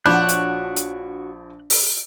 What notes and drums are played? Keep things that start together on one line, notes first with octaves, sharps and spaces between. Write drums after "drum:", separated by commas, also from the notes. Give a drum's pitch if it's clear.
A#1 F3 D4 F#4 C#5 B5 F#6 G6
drum: hi-hat
drum: hi-hat
drum: open hi-hat